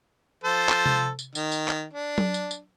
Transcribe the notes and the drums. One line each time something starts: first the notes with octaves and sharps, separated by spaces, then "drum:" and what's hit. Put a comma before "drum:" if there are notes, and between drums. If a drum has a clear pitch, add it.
F3 A4 C5
drum: clap
drum: tom C3
drum: tambourine
D#3, drum: tambourine
drum: tambourine
drum: clap
D4
drum: tom F#3
drum: tambourine
drum: tambourine